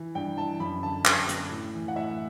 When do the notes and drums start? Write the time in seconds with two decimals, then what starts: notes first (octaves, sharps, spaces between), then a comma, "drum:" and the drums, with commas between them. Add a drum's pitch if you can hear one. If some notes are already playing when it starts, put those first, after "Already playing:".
Already playing: E3
0.15 G2 G5
0.38 E3 A5
0.60 F#2 B5
0.83 D3 A5
1.05 F#2 G5, drum: clap
1.29 D3, drum: hi-hat
1.51 A2
1.74 E3
1.88 F#5
1.96 A2 E5